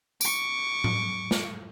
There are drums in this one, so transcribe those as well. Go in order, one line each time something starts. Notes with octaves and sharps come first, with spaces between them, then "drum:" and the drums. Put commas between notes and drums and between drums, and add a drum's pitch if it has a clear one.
C#6 D6, drum: tambourine
drum: tom A2
drum: snare